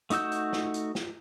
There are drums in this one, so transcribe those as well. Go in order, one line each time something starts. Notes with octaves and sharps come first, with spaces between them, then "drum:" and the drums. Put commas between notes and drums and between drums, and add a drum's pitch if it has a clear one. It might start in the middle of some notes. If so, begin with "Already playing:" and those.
A3 D#4 F#4 E6 G6, drum: hi-hat
drum: hi-hat
drum: snare
drum: hi-hat
drum: snare